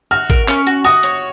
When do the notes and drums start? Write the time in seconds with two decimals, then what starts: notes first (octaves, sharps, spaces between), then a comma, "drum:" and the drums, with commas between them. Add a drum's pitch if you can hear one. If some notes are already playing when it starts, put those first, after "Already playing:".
0.11 F#4 F6
0.30 A#4, drum: kick, hi-hat
0.48 C#4, drum: clap
0.67 F#4, drum: hi-hat
0.84 F#4 D#6
1.03 C#5, drum: hi-hat